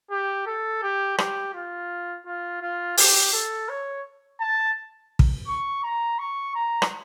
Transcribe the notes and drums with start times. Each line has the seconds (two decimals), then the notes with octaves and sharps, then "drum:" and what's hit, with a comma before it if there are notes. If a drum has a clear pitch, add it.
0.11 G4
0.47 A4
0.83 G4
1.18 G4, drum: rim click
1.54 F4
2.26 F4
2.62 F4
2.97 G4, drum: open hi-hat
3.33 A4
3.69 C#5
4.40 A5
5.19 drum: kick
5.47 C#6
5.83 A#5
6.19 C#6
6.55 A#5
6.82 drum: rim click